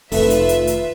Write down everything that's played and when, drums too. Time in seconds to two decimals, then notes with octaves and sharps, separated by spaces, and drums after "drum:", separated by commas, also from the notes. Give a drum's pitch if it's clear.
0.12 F1 D#3 A3 F4 B4 E5, drum: open hi-hat
0.30 drum: hi-hat
0.49 drum: hi-hat
0.67 drum: hi-hat